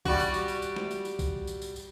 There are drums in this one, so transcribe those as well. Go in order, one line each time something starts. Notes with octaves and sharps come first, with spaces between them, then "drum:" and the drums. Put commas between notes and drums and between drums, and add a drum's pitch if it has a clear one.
G3 F#4, drum: kick B1
drum: tambourine
drum: tambourine
drum: tambourine
drum: tambourine
drum: snare
drum: tambourine
drum: tambourine
drum: kick B1, tambourine
drum: tambourine
drum: tambourine
drum: tambourine